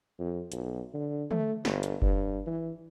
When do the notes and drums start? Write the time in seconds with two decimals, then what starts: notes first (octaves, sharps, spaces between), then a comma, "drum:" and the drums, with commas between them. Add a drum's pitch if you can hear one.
0.19 F2
0.52 B1, drum: hi-hat
0.94 D3
1.31 A3, drum: tom
1.65 G1, drum: snare
1.83 drum: hi-hat
2.02 G2, drum: kick F#1
2.47 E3